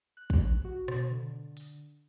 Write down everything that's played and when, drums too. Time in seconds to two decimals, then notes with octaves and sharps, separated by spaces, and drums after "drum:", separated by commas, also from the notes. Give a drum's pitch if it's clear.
0.17 F#6
0.30 drum: kick
0.65 F#4
0.88 B2, drum: rim click
1.11 D3
1.57 drum: hi-hat